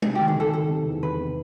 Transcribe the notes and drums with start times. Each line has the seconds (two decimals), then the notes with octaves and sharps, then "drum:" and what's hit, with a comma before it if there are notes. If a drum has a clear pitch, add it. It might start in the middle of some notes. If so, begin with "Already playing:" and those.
0.02 C3, drum: tom G#3
0.15 G4
0.20 D#3
0.28 G#4
0.36 D#3 A4
0.53 D#3 A4
0.69 C3
0.86 E2
1.03 E2 B4
1.20 C3